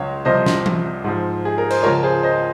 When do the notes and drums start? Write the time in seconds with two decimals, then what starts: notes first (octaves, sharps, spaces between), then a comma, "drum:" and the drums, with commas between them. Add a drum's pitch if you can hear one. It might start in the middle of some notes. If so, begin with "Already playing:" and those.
Already playing: C#2 C#3 F#3 C#5 F5
0.25 C2 C3 F3 C5 D#5
0.46 drum: snare
0.66 drum: tom E3
1.04 G#2 F3
1.45 G#4
1.58 A#4
1.70 C5, drum: cymbal
1.83 C#2 C#3 F3 A#4 C#5
2.03 G#4 C5
2.23 C5 D#5